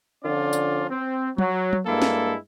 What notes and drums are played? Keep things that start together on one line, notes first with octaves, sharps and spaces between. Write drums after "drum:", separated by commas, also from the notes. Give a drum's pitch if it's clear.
D3 F3 C#4 F4 D5
drum: tambourine
C4
F#3, drum: tom F#3
drum: tom F#3
G2 G#3 A#3 E4 A4
drum: snare